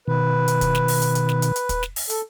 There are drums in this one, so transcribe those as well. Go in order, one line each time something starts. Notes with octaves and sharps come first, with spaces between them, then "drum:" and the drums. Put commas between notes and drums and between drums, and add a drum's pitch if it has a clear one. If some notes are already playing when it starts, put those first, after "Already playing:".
B2 D#3 B4
drum: hi-hat
drum: kick, hi-hat
drum: snare
drum: open hi-hat
drum: hi-hat
drum: hi-hat
drum: snare
drum: hi-hat
drum: hi-hat
drum: kick, hi-hat
drum: snare
drum: open hi-hat
A4, drum: hi-hat